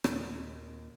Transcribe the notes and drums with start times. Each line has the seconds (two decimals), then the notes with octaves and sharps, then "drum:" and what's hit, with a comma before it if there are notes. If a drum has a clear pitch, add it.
0.04 D#2 A#2 D#3, drum: rim click